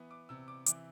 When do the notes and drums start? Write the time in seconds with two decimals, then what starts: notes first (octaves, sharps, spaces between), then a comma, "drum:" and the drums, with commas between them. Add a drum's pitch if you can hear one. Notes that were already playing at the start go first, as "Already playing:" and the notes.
Already playing: E3 B3
0.11 D6
0.29 C3 E6
0.48 D6
0.66 E3 D6, drum: hi-hat